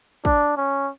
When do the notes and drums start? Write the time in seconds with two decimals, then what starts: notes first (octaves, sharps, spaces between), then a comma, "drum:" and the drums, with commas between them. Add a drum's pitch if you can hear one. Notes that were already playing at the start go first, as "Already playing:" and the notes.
0.25 D4, drum: kick
0.57 C#4